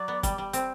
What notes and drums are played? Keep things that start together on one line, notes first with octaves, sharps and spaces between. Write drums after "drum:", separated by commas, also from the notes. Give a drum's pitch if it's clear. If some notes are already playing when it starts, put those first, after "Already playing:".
Already playing: F#3 D5
B3
G3, drum: kick, hi-hat
G3
C4, drum: hi-hat